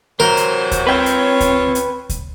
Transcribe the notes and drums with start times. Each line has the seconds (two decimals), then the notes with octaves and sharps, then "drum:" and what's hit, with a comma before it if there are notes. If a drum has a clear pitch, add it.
0.20 C3 E3 F#3 A#4 C5
0.37 drum: hi-hat
0.71 drum: kick D2, hi-hat
0.87 C4 F4 B4 C#5 G5
1.06 drum: hi-hat
1.40 drum: kick D2, hi-hat
1.75 drum: hi-hat
2.09 drum: kick D2, hi-hat